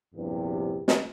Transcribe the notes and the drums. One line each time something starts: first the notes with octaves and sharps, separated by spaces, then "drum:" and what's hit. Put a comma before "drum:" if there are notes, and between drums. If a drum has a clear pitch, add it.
A#1 E2 G2 C3
drum: snare